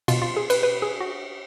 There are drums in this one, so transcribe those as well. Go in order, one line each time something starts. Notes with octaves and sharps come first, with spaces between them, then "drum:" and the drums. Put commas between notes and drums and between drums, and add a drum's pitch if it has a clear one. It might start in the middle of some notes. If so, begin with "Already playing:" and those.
B2 F4, drum: cymbal
F4
G#4
B4, drum: cymbal
B4
G#4
F#4